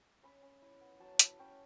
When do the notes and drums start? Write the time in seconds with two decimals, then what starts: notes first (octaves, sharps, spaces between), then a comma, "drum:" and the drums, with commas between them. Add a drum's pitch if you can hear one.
0.23 C#4 B5
0.43 C#4
0.62 E4
0.81 B3
1.00 F#3 A5
1.19 E4, drum: hi-hat
1.39 C#4 G5